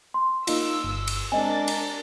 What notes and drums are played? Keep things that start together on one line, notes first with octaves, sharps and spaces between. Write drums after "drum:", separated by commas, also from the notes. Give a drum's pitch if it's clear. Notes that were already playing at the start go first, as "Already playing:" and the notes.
C6
A#3 D#4 F4 E6, drum: cymbal
G1
drum: cymbal
G#3 C4 D4 A#4 D#5 G#5 A6
drum: cymbal